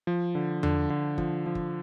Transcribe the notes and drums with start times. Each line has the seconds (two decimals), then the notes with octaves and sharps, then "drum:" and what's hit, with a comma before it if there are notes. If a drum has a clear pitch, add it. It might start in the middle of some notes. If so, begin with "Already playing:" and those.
0.07 F3
0.35 D3
0.63 D3, drum: tom E2
0.90 D3
1.18 F3, drum: kick
1.46 F3
1.55 drum: kick